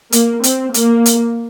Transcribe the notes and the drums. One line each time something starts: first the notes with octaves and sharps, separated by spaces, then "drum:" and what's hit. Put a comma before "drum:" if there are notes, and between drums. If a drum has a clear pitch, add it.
A#3, drum: hi-hat
C4, drum: hi-hat
A#3, drum: hi-hat
drum: hi-hat